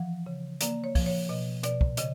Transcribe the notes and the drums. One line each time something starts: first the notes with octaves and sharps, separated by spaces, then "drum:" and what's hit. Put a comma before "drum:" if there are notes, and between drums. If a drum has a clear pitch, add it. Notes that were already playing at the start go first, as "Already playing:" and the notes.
Already playing: E3 F3 F#5
C#3
A#3 D5, drum: hi-hat
C#5
F3, drum: kick, open hi-hat
C#5
B2 D#5
B2 D5, drum: hi-hat
drum: kick
C#3 D#5, drum: hi-hat